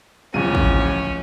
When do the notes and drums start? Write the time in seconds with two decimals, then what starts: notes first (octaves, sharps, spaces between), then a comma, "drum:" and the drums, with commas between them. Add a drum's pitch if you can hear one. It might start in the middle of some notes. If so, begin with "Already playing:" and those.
0.34 D1 C#2 F3 C#4 D#7
0.55 drum: kick